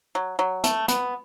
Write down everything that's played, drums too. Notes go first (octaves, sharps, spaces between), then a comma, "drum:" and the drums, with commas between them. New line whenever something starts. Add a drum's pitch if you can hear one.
F#3
F#3
A3, drum: hi-hat
B3, drum: hi-hat